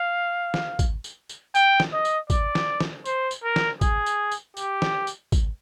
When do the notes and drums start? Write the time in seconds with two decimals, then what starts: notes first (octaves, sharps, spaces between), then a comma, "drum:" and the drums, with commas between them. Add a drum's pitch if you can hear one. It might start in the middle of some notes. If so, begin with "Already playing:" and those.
Already playing: F5
0.54 drum: snare
0.79 drum: kick G#1, tambourine
1.04 drum: tambourine
1.29 drum: tambourine
1.55 G5, drum: tambourine
1.80 drum: snare
1.92 D#5
2.05 drum: tambourine
2.30 D5, drum: kick G#1, tambourine
2.55 drum: snare
2.80 drum: snare
3.06 C5, drum: tambourine
3.31 drum: tambourine
3.43 A#4
3.56 drum: snare
3.81 G#4, drum: kick G#1, tambourine
4.06 drum: tambourine
4.32 drum: tambourine
4.57 G4, drum: tambourine
4.82 drum: snare
5.07 drum: tambourine
5.32 drum: kick G#1, tambourine